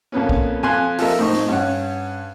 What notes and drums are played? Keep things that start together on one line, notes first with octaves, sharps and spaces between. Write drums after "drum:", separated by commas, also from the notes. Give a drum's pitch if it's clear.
F2 A#2 B3 C#4
drum: kick B1
F2 G#5 C6 F#6
F3 A#3 A4 A#4 D#5 E5, drum: open hi-hat
A2 C4 D#4 D#5 C#6
drum: snare
G2 C#4 F#5